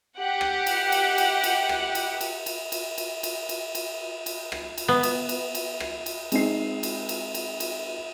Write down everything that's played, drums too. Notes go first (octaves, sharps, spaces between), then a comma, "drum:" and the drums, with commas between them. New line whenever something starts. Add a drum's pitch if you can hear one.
G4 F#5
drum: rim click
drum: cymbal
drum: cymbal
drum: cymbal
drum: cymbal
drum: rim click
drum: cymbal
drum: cymbal
drum: cymbal
drum: cymbal
drum: cymbal
drum: cymbal
drum: cymbal
drum: cymbal
drum: cymbal
drum: rim click
drum: cymbal
B3
drum: cymbal
drum: cymbal
drum: cymbal
drum: rim click
drum: cymbal
G#3 C4 D#4 C7, drum: cymbal
drum: cymbal
drum: cymbal
drum: cymbal
drum: cymbal